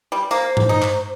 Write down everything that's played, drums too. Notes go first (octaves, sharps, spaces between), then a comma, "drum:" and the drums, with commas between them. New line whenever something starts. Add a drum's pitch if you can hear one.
G3
A#3 C5, drum: hi-hat
drum: tom G2
D#4
drum: clap